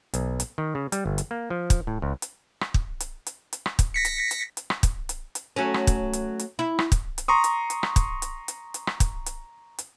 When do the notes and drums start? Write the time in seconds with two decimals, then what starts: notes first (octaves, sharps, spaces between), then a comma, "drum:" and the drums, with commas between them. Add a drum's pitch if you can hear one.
0.14 B1, drum: hi-hat
0.40 drum: hi-hat
0.58 D#3
0.75 C#3
0.92 G3, drum: hi-hat
1.06 G1
1.18 drum: hi-hat
1.31 A#3
1.50 F3
1.70 drum: kick, hi-hat
1.87 A2
2.02 C#2
2.22 drum: hi-hat
2.61 drum: rim click
2.74 drum: kick
3.00 drum: hi-hat
3.27 drum: hi-hat
3.53 drum: hi-hat
3.66 drum: rim click
3.79 drum: kick, hi-hat
3.94 A#6 B6 C#7
4.05 drum: hi-hat
4.31 drum: hi-hat
4.57 drum: hi-hat
4.70 drum: rim click
4.83 drum: kick, hi-hat
5.09 drum: hi-hat
5.35 drum: hi-hat
5.56 F#3 A3 C#4
5.74 drum: rim click
5.87 drum: kick, hi-hat
6.13 drum: hi-hat
6.39 drum: hi-hat
6.59 E4
6.79 drum: rim click
6.92 drum: kick, hi-hat
7.18 drum: hi-hat
7.28 A#5 C6 C#6 D#6
7.44 drum: hi-hat
7.70 drum: hi-hat
7.83 drum: rim click
7.96 drum: kick, hi-hat
8.22 drum: hi-hat
8.48 drum: hi-hat
8.74 drum: hi-hat
8.87 drum: rim click
9.00 drum: kick, hi-hat
9.26 drum: hi-hat
9.79 drum: hi-hat